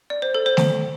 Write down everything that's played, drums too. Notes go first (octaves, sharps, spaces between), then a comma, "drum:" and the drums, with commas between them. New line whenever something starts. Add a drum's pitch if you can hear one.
D5
C5
A4
C5
drum: snare A3